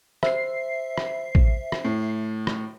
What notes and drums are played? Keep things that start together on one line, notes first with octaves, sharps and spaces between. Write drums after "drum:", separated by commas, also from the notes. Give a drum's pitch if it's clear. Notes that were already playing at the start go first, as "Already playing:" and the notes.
C5 E5 C7, drum: rim click
drum: rim click
drum: kick A1
drum: rim click
A2
drum: rim click